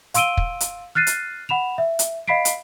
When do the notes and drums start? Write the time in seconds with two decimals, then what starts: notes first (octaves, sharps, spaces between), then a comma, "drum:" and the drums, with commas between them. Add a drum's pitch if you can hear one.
0.14 F5 C6 E6 D7 D#7 G7, drum: hi-hat
0.37 drum: kick
0.60 drum: hi-hat
0.95 F6 F#6 A6 C7 D#7
1.07 drum: hi-hat
1.49 F#5 B5 E7 F7
1.78 E5
1.99 drum: hi-hat
2.28 D#5 F5 B5 B6 C7 D7
2.45 drum: hi-hat